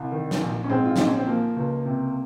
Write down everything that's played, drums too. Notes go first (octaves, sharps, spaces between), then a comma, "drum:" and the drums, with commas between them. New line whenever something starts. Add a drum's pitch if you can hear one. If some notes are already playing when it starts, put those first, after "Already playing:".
Already playing: C2
D#3
drum: snare
A#1
C#4
G#2 G#3 C4
F4
A#1 D#4, drum: snare
C#4
C4
F3 A#3
C#2
C3